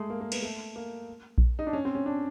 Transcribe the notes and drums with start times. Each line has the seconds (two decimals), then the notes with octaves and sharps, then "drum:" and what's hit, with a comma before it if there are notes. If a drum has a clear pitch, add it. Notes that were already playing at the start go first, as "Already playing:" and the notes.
Already playing: G#3 A3
0.10 A#3
0.21 A#3
0.32 B3, drum: cymbal
0.42 A3
0.76 A#3
1.38 drum: kick A#1
1.59 D#4
1.67 D4
1.73 C#4
1.85 C4
1.95 C#4
2.06 D4